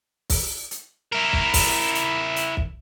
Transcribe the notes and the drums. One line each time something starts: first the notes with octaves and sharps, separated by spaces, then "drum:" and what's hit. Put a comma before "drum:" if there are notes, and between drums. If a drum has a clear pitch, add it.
drum: kick, open hi-hat
drum: hi-hat
E4 A#4
drum: kick
drum: kick, open hi-hat
drum: hi-hat
drum: hi-hat
drum: kick